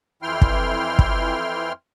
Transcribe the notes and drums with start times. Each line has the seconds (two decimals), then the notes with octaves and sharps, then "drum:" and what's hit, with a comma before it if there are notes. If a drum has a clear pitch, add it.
0.22 F2 E3 E4 G5 C6 F6
0.42 drum: kick
0.99 drum: kick